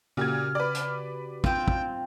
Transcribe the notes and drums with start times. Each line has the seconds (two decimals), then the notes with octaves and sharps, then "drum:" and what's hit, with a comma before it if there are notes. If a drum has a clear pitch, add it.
0.17 A#2 C#3 F#4 G4 F6 G#6
0.55 B4 D5
0.75 drum: hi-hat
1.44 C4 F4 G5, drum: kick
1.68 drum: kick